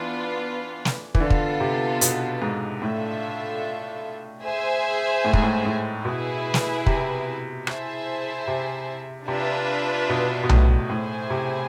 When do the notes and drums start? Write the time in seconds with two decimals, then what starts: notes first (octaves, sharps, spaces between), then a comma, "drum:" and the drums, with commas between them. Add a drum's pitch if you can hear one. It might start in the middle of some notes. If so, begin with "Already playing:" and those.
Already playing: E3 B3 D4 F4 B4
0.85 drum: snare
1.15 E3, drum: kick
1.20 D3 B3 F4 A4
1.30 drum: kick
1.60 C3
2.01 B2, drum: hi-hat
2.42 G#2
2.81 A2 A3 D4 F4 A4 E5
4.44 G#4 C5 E5 G#5
5.25 A2
5.33 G#2, drum: kick
5.42 A2
5.65 A2
6.05 B2 E4 G#4 B4
6.54 drum: snare
6.86 C3, drum: kick
7.67 E4 G#4 C5 E5 A5, drum: rim click
8.47 C3
9.28 C3 D4 F4 B4 E5
10.09 B2
10.43 B2
10.49 A2, drum: tom B1
10.89 A2 E4 G#4 C5 G#5
11.30 C3